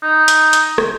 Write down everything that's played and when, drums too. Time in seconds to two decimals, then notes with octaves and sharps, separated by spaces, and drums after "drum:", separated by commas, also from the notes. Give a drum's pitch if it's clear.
0.03 D#4
0.28 drum: hi-hat
0.53 drum: hi-hat
0.78 drum: rim click